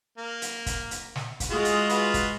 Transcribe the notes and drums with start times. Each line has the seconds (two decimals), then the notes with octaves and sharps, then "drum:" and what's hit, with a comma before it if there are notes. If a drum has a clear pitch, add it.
0.18 A#3
0.42 drum: hi-hat
0.66 drum: kick, hi-hat
0.91 drum: hi-hat
1.16 drum: snare
1.40 drum: kick, hi-hat
1.50 G#3 F4 F#4 G#4
1.65 drum: hi-hat
1.89 F4 F#4 B4, drum: hi-hat
2.14 drum: kick, hi-hat